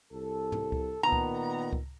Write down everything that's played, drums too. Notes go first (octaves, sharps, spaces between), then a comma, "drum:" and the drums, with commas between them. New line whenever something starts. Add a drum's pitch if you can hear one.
C2 A4
drum: tom
drum: kick C#2
A#2 D#3 B3 A#5
drum: kick C#2
drum: kick C#2